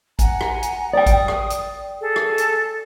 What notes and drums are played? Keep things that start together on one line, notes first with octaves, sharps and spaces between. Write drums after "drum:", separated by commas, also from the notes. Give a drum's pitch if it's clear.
F#5 G#5 A#5, drum: kick A1, hi-hat
drum: rim click
drum: hi-hat
D5 G5 D#6
drum: kick A1, hi-hat
drum: rim click
drum: hi-hat
G#4 A4
drum: rim click
drum: hi-hat